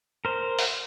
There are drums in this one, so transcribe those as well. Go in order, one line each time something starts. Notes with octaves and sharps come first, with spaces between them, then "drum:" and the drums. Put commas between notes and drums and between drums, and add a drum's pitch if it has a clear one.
A#4 C5
drum: open hi-hat